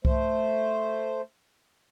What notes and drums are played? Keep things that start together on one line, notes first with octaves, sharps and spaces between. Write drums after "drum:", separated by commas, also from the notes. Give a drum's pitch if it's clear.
A3 C5, drum: kick C2